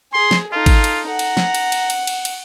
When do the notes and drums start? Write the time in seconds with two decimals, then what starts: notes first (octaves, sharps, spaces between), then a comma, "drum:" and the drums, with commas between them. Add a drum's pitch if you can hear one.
0.13 G#4 C6
0.31 drum: snare
0.53 D#4 F4 A4
0.66 drum: kick G#1, cymbal
0.84 drum: cymbal
1.09 F#5 A#5
1.19 drum: cymbal
1.37 drum: snare
1.55 drum: cymbal
1.72 drum: cymbal
1.90 drum: cymbal
2.07 drum: cymbal
2.25 drum: cymbal